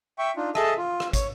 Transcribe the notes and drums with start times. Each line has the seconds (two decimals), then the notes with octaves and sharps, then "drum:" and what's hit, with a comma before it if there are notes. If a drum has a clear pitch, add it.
0.19 E5 G5 C#6
0.37 D4 D#4 F4
0.55 G#4 A4 D#5 E5 A5, drum: rim click
0.78 F4
1.00 drum: rim click
1.13 C#5, drum: kick, hi-hat